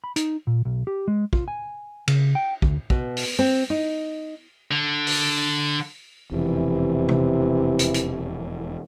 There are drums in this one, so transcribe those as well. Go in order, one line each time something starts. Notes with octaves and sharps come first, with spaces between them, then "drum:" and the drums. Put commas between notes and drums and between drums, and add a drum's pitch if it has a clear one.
B5
D#4, drum: hi-hat
A#2
B1
G4
G#3
F4, drum: kick
G#5
C#3, drum: cymbal
G5
D2, drum: kick
B2, drum: kick
drum: open hi-hat
C4
D#4
D3
drum: open hi-hat
E1 F2 C3 E3
drum: tom
drum: hi-hat
drum: hi-hat